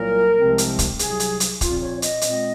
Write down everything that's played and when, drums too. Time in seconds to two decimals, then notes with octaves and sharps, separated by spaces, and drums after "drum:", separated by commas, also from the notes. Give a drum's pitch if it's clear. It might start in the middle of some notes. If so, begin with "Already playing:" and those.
Already playing: C2 A#2 F#3 A#3 A#4
0.37 C2 C3 F3 G#3 C4
0.58 drum: hi-hat
0.79 drum: kick, hi-hat
0.99 C2 C3 F#3 G#4, drum: hi-hat
1.20 drum: hi-hat
1.40 drum: hi-hat
1.61 A#2 F3 C4 F4, drum: kick, hi-hat
1.81 C#5
1.97 C#5
2.02 D#5, drum: hi-hat
2.21 A#2 G#3 C4, drum: hi-hat